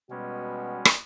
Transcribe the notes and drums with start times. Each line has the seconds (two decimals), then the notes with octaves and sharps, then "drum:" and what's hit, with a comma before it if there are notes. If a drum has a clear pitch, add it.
0.11 B2 G3 G#3 C#4 F#4
0.85 drum: rim click